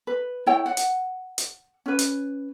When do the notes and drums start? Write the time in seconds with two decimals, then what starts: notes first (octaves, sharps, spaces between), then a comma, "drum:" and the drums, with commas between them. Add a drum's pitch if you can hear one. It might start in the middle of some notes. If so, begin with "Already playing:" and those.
0.07 B4
0.46 E4 C#5 G5
0.66 F#5
0.77 drum: hi-hat
1.38 drum: hi-hat
1.86 C#4 B4
1.99 drum: hi-hat